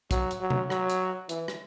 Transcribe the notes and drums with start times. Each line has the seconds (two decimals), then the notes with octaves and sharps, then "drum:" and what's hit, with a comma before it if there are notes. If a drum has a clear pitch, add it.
0.11 F#3, drum: kick, hi-hat
0.31 drum: hi-hat
0.41 F#3
0.50 drum: tom C3
0.70 F#3, drum: rim click
0.90 drum: hi-hat
1.29 E3, drum: hi-hat
1.48 drum: rim click